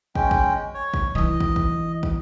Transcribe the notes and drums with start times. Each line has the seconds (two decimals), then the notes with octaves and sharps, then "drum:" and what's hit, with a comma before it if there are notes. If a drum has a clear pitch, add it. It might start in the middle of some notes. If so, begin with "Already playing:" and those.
0.15 G#3 C#4 G5, drum: kick
0.31 drum: kick
0.74 C#5
0.94 drum: kick
1.15 E3 E4 D#5
1.40 drum: kick
1.56 drum: kick
2.03 drum: kick